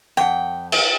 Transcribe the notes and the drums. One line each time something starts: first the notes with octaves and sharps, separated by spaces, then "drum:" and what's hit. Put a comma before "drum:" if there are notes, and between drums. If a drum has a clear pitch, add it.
F2 F#5 G5
drum: cymbal